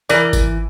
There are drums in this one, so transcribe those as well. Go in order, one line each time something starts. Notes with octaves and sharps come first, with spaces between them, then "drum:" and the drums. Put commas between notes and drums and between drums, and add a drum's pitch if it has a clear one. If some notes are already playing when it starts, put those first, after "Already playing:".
E3 A#4 D5, drum: tambourine
drum: kick G#1, tambourine